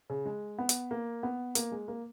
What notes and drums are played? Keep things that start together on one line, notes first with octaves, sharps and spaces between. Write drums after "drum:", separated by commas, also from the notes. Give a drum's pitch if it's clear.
C#3
G#3
B3
drum: hi-hat
A#3
B3
A#3, drum: hi-hat
G#3
A#3